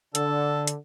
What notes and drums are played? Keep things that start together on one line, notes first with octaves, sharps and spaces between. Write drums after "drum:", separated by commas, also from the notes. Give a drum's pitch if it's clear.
D3 A4, drum: hi-hat
drum: hi-hat